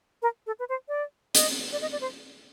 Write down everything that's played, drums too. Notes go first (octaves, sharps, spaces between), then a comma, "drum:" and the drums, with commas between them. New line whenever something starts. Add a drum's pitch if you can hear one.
A#4
A4
B4
C5
D5
D#5, drum: hi-hat
D5
D#5
D5
C5